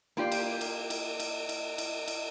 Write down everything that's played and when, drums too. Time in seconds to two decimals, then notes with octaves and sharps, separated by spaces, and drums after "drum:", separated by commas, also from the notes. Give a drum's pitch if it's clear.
0.17 A#3 F4 G4 D5
0.32 drum: cymbal
0.61 drum: cymbal
0.90 drum: cymbal
1.20 drum: cymbal
1.49 drum: cymbal
1.78 drum: cymbal
2.08 drum: cymbal